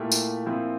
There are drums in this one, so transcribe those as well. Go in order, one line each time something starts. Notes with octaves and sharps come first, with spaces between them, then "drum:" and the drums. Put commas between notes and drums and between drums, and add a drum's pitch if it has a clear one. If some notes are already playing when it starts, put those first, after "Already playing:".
Already playing: A#2 A3 E4 G4 A#4
drum: tambourine
A#2 F3 C4 E4